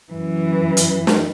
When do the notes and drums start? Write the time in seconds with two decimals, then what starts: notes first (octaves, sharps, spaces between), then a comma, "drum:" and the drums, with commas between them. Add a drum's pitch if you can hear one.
0.13 F#2 E3
0.77 drum: hi-hat
1.07 drum: snare